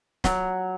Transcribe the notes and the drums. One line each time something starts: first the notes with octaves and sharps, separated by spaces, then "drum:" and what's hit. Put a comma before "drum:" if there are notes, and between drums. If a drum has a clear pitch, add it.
F#3, drum: snare